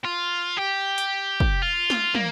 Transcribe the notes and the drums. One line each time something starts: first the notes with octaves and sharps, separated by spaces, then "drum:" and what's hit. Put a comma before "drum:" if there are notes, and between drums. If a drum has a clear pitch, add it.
F4
G4
drum: hi-hat
drum: kick
F4
drum: snare
A#3, drum: tom